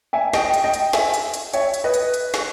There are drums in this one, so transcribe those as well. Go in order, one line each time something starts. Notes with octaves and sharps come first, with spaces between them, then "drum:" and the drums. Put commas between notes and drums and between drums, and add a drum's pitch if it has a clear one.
E5 G#5
D#5 G5, drum: snare
drum: hi-hat
D#5 G5
drum: hi-hat
E5 G#5, drum: snare
drum: hi-hat
drum: hi-hat
C#5 E5, drum: hi-hat
drum: hi-hat
B4 D#5
drum: hi-hat
drum: hi-hat
drum: snare